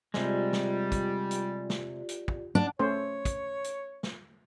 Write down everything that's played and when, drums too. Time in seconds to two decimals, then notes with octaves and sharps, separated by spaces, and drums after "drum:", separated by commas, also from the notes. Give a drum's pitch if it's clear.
0.14 C3 G3 G#3 F4 G4 D5, drum: snare
0.53 drum: snare
0.92 drum: kick, hi-hat
1.31 drum: hi-hat
1.70 drum: snare
2.09 drum: hi-hat
2.28 drum: kick
2.55 D4 F#5
2.79 A3 C#4 C5 C#5
3.25 drum: kick, hi-hat
3.64 drum: hi-hat
4.03 drum: snare